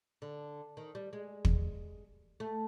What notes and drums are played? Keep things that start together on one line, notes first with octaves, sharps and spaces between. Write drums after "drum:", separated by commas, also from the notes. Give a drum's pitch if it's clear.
D3
D#3
G3
G#3
drum: kick
A3